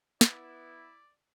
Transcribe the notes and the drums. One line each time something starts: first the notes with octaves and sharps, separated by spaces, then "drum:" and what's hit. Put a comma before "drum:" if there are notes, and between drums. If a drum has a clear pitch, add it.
B3 E4 D5, drum: snare